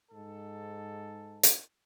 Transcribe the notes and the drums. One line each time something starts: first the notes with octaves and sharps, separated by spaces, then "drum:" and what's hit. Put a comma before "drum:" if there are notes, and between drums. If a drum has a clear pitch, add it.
G#2 A4
drum: hi-hat